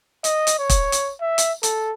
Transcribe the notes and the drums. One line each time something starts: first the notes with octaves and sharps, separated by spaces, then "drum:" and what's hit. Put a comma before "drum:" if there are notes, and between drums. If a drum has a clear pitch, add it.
D#5, drum: hi-hat
drum: hi-hat
C#5
drum: kick, hi-hat
drum: hi-hat
E5
drum: hi-hat
A4, drum: hi-hat